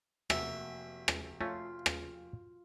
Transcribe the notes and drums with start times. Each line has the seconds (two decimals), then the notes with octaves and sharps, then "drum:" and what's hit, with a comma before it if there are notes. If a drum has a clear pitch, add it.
0.30 F1 A#3 F#4 E5, drum: rim click
1.08 drum: rim click
1.41 A3 C#4 F4
1.86 drum: rim click